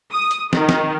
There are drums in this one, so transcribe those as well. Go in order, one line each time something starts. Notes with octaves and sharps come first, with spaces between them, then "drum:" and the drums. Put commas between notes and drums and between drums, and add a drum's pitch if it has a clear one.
D#6
drum: hi-hat
D#3, drum: snare
drum: snare